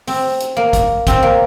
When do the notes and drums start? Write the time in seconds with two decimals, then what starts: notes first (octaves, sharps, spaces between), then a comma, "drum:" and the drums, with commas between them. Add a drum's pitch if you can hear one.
0.07 C4, drum: open hi-hat
0.40 drum: hi-hat
0.57 A#3
0.73 drum: kick, hi-hat
1.07 C4, drum: kick, hi-hat
1.23 A#3